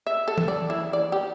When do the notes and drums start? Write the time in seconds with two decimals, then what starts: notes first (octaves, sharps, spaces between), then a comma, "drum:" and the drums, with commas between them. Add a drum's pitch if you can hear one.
0.07 E5
0.28 A4
0.38 drum: tom E3
0.48 D5
0.70 E4
0.93 D5
1.12 G4